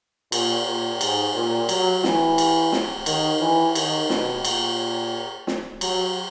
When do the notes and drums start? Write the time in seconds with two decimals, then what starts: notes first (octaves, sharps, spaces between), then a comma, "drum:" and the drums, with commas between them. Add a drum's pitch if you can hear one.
0.32 A#2, drum: cymbal
0.66 A#2
1.01 G#2, drum: cymbal
1.36 A#2
1.69 F#3, drum: cymbal
2.04 E3, drum: snare
2.38 drum: cymbal
2.72 drum: snare
3.06 D#3, drum: cymbal
3.41 E3
3.75 D#3, drum: cymbal
4.10 B2, drum: snare
4.45 A#2, drum: cymbal
5.47 drum: snare
5.81 F#3, drum: cymbal